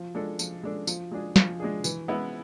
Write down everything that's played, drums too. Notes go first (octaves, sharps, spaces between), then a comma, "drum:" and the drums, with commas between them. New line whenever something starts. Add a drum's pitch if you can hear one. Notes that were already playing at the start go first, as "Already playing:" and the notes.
Already playing: F3
G#3 D4 A4
F3, drum: tambourine
G#3 D4 A4
F3, drum: tambourine
G#3 D4 G#4
F3, drum: snare
G#3 D4 G#4
E3, drum: tambourine
G#3 B3 E4